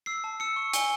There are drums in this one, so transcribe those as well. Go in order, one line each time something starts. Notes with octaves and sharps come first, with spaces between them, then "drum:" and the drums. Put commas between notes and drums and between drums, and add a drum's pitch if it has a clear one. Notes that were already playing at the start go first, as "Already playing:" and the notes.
E6 C7
A5
E6 C#7
C#6
G#5 G7, drum: hi-hat